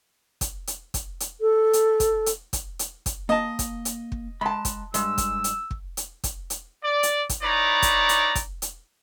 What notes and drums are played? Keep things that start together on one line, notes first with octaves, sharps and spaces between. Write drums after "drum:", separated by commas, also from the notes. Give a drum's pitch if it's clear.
drum: kick, hi-hat
drum: hi-hat
drum: kick, hi-hat
drum: hi-hat
A4
drum: hi-hat
drum: kick, hi-hat
drum: hi-hat
drum: kick, hi-hat
drum: hi-hat
drum: kick, hi-hat
A#3 D#5 A5
drum: kick, hi-hat
drum: hi-hat
drum: kick
G#3 A5 B5
drum: kick, hi-hat
G2 G#3 E6, drum: hi-hat
drum: kick, hi-hat
drum: hi-hat
drum: kick
drum: hi-hat
drum: kick, hi-hat
drum: hi-hat
D5
drum: hi-hat
drum: kick, hi-hat
D#4 E4 B4 C#5 D5 A#5
drum: kick, hi-hat
drum: hi-hat
drum: kick, hi-hat
drum: hi-hat